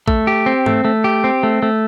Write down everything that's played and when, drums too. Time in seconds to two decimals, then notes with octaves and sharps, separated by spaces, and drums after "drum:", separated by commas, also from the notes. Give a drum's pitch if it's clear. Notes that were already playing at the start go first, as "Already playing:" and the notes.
0.08 A3, drum: kick
0.27 G4
0.46 C4
0.66 A3, drum: tom G#2
0.85 A3
1.04 G4
1.24 C4
1.43 A3
1.62 A3